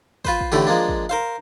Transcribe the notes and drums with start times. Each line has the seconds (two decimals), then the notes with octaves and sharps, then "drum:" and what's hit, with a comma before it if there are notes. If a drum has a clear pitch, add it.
0.25 F4 B4 C5, drum: kick
0.41 drum: kick
0.52 A2 D3 E3 A3 G4
0.67 F3 G#3 A#3 D4
0.88 drum: kick
1.09 A#4 C5 F5